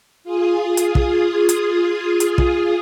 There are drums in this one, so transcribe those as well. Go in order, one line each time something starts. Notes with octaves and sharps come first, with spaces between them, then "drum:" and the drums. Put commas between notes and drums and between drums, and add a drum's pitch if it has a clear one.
F4 G#4 D#6
drum: hi-hat
drum: kick
drum: hi-hat
drum: hi-hat
drum: kick